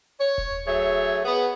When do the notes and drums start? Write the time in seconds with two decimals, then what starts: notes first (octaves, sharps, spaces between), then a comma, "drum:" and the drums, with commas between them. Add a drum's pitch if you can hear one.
0.20 C#5
0.38 drum: kick D#1
0.67 F#3 A3 G#4 C#5 E5
1.25 B3 G#4